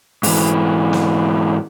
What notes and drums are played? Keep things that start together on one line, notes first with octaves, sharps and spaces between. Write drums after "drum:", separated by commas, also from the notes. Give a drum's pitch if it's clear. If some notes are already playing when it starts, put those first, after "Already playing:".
G#2 E3, drum: open hi-hat
drum: snare